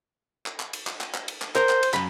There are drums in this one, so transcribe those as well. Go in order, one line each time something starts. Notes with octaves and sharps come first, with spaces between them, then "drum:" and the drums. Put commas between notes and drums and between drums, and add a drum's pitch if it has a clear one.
drum: clap
drum: clap
drum: cymbal
drum: clap
drum: clap
drum: clap
drum: cymbal
drum: clap
A#4 C5, drum: clap
drum: clap
drum: cymbal
F#2 B5, drum: clap